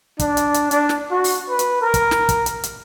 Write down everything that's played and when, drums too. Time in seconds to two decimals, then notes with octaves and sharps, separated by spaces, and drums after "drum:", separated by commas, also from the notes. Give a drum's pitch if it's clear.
0.19 D4, drum: kick, hi-hat
0.37 drum: hi-hat
0.54 drum: hi-hat
0.71 D4, drum: hi-hat
0.89 drum: snare
1.11 F#4
1.24 drum: open hi-hat
1.49 B4
1.59 drum: hi-hat
1.82 A#4
1.94 drum: kick, hi-hat
2.11 drum: snare
2.29 drum: kick, hi-hat
2.46 drum: hi-hat
2.64 drum: hi-hat